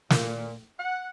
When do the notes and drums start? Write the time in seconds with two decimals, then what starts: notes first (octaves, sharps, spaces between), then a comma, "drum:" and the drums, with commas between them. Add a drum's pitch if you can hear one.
0.10 A#2, drum: snare
0.79 F#5